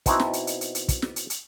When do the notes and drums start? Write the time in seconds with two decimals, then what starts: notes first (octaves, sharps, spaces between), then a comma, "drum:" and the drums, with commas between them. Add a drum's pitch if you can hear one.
0.06 B2 C4 D#4 E4 F#4, drum: kick, hi-hat
0.20 drum: snare
0.33 drum: hi-hat
0.47 drum: hi-hat
0.61 drum: hi-hat
0.75 drum: hi-hat
0.88 drum: kick, hi-hat
1.02 drum: snare
1.16 drum: hi-hat
1.30 drum: hi-hat